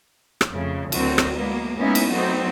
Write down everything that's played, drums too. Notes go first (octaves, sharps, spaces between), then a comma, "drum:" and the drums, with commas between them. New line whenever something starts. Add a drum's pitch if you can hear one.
drum: rim click
F2 C#3 A3
D2 F#3 C4 F#4 A#4, drum: cymbal
drum: rim click
F#3 G#3 A#3 B3
G#3 A#3 B3 C#4 D#4 E4
drum: cymbal
F#3 A3 B3 C4 D#4 F#4